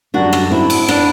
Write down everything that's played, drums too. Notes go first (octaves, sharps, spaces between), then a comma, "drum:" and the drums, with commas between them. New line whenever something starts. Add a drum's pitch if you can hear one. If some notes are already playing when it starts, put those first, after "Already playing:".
F#2 D3 G3 D4 F#4
drum: rim click
C4 E4
drum: cymbal
B3 D4, drum: rim click